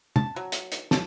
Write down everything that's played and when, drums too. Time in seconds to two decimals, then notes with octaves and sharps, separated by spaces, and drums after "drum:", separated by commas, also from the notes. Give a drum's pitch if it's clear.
0.16 A5, drum: tom
0.36 F#3
0.52 drum: hi-hat
0.72 drum: hi-hat
0.91 A5, drum: snare